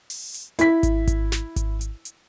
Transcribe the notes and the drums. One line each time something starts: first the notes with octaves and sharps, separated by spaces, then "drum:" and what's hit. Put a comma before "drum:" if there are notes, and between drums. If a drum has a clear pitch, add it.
drum: open hi-hat
drum: hi-hat
E4 B6, drum: hi-hat
drum: kick G#1, hi-hat
drum: kick G#1, hi-hat
drum: snare
drum: kick G#1, hi-hat
drum: hi-hat
drum: hi-hat